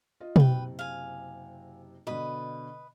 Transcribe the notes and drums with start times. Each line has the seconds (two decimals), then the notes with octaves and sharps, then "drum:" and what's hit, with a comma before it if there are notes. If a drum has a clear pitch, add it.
0.20 F4 D#5
0.36 F#1 C3 B4 G5, drum: tom
0.79 F5 G#5
2.07 B2 D3 B4 D#5 B5